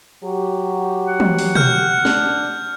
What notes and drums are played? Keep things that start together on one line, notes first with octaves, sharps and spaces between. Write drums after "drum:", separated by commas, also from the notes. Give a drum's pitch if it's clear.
F#3 G4
F#5
drum: tom
drum: open hi-hat
F6 G6, drum: tom B2
D4, drum: snare